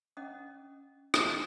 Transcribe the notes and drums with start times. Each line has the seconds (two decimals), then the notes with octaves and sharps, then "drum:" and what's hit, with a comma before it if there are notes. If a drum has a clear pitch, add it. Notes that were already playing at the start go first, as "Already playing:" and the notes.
0.17 C#4 D#5 F#5 D#6
1.14 drum: rim click